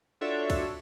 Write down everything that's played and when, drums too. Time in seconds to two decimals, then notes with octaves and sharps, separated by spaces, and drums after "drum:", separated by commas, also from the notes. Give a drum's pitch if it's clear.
0.21 D4 F4 F#4 A4 C#5 E5
0.50 drum: kick, cymbal